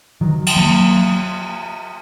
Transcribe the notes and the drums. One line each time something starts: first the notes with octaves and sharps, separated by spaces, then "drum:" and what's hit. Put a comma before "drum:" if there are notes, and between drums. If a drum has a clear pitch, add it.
D#3 F#3
drum: cymbal
F#3 A#3